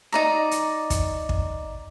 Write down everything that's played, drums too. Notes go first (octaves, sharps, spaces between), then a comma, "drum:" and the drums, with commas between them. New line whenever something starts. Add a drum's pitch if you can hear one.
D#4 D5 A#5
drum: hi-hat
drum: kick, hi-hat
drum: kick